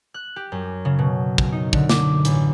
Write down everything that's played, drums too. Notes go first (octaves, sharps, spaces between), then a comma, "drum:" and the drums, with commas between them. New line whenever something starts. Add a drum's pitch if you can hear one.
F#6
G4
F#2
C#3
B2
drum: kick
D#4
D3, drum: kick
D6, drum: snare
A1, drum: hi-hat